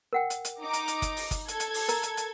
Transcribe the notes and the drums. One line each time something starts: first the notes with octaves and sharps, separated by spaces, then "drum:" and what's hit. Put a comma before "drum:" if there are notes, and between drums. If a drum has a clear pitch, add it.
A#4 F#5 G5
drum: hi-hat
drum: hi-hat
D#4 A#5 D6
drum: hi-hat
drum: hi-hat
drum: kick G1, hi-hat
drum: open hi-hat
drum: kick G1, hi-hat
A4 G#6, drum: hi-hat
drum: hi-hat
drum: open hi-hat
A#4 A#5, drum: hi-hat
drum: hi-hat
drum: hi-hat